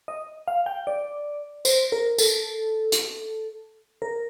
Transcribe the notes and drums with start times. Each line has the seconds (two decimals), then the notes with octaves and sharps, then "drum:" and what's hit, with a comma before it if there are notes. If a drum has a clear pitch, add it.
0.08 D#5
0.48 F5
0.66 G5
0.87 D5
1.65 C5, drum: tambourine
1.92 A#4
2.18 A4, drum: tambourine
2.92 drum: hi-hat
4.02 A#4